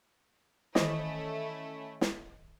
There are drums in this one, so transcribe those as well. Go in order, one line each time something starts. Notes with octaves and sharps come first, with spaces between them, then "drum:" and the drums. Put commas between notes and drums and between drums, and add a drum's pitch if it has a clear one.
D#3 E3 A3 C#4 E4 D#5, drum: snare
drum: snare